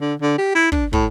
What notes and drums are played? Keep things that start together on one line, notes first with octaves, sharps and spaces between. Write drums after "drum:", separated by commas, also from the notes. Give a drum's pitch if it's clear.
D3
D3
G4
E4
D4, drum: kick
A2, drum: kick